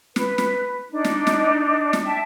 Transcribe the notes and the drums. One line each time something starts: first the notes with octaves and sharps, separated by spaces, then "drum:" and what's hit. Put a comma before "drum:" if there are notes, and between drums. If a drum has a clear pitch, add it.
B4, drum: snare
drum: snare
D4 D#4
drum: snare
drum: snare
drum: snare
E5 G5 A5